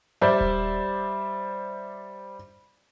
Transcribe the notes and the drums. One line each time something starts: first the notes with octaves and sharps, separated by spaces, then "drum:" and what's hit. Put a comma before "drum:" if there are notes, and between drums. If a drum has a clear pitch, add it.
G3 C5 D5 E5
drum: kick D#1